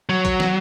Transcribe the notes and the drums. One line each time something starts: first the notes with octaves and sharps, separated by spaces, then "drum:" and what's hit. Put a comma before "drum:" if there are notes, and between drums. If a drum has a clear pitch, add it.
F#3
drum: kick, hi-hat
drum: snare